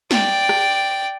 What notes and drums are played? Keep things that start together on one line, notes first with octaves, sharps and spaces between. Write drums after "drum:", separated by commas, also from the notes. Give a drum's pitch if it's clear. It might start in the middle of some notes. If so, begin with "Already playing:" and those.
D5 G5, drum: snare
drum: rim click